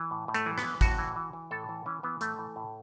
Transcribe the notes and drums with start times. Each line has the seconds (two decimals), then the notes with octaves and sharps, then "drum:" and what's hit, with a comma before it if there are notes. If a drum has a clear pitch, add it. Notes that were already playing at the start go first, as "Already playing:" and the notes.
Already playing: E3
0.11 A2
0.28 A2
0.34 A3, drum: hi-hat
0.46 E3
0.58 B3, drum: rim click
0.63 E3
0.81 A2 F#4, drum: kick, hi-hat
0.99 E3
1.16 E3
1.33 E3
1.51 A2 A4
1.69 E3
1.86 E3 C#4
2.03 E3 B3
2.21 A2 A3, drum: hi-hat
2.39 E3
2.56 A2